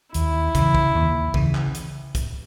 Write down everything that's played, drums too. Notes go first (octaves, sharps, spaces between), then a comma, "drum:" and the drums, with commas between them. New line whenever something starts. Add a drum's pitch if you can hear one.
D#2 E4, drum: hi-hat
C#3 E3, drum: kick, hi-hat
drum: kick
D#2
C#3 E3, drum: kick
drum: clap
drum: hi-hat
drum: kick, hi-hat